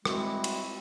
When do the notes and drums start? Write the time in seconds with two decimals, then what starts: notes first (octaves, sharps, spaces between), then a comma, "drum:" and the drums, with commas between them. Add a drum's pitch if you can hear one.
0.05 G3 G#3 C4 E4 F#4, drum: rim click
0.44 drum: cymbal